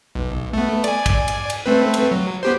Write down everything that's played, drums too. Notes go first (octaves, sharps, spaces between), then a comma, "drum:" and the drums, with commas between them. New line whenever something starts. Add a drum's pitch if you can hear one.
B1
A3 B3
D5 G#5, drum: cymbal
drum: kick, cymbal
drum: cymbal
drum: cymbal
A3 C4 B4
drum: cymbal
F#3
B3 G4 C5